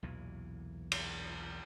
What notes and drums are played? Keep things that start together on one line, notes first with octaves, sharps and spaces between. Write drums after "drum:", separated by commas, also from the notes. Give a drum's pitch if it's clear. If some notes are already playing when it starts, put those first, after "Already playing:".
B1 E2 A#2 E3
drum: cymbal